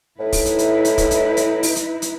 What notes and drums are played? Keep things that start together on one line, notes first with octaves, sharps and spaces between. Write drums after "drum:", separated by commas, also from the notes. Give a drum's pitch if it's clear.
A2 D#4 E4 B4
drum: kick, open hi-hat
drum: hi-hat
drum: hi-hat
drum: hi-hat
drum: kick, hi-hat
drum: hi-hat
drum: hi-hat
drum: open hi-hat
drum: hi-hat
drum: hi-hat